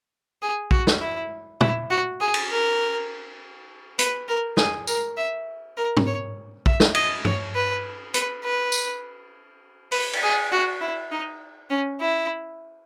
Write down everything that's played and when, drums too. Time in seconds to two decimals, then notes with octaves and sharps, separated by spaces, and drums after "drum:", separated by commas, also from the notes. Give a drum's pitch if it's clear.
0.42 G#4
0.71 F#4, drum: kick
0.87 drum: snare
1.00 E4
1.61 E4, drum: tom
1.90 F#4
2.20 G#4
2.34 drum: cymbal
2.50 A#4
3.99 B4, drum: hi-hat
4.28 A#4
4.57 G#4, drum: snare
4.87 A#4, drum: tambourine
5.17 E5
5.77 A#4
5.97 drum: tom
6.06 C#5
6.66 E5, drum: kick
6.80 drum: snare
6.95 D#5, drum: cymbal
7.25 C#5, drum: tom G2
7.55 B4
8.14 B4, drum: hi-hat
8.44 B4
8.72 drum: tambourine
9.92 B4, drum: open hi-hat
10.13 drum: cymbal
10.23 G#4
10.51 F#4
10.81 E4
11.12 D#4
11.70 C#4
12.01 E4